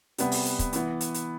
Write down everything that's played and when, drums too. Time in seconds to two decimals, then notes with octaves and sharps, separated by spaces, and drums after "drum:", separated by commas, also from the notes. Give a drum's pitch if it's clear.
0.18 C3 G3 B3, drum: hi-hat
0.32 drum: open hi-hat
0.45 drum: hi-hat
0.59 drum: kick, hi-hat
0.73 E3 B3, drum: hi-hat
1.01 drum: hi-hat
1.14 drum: hi-hat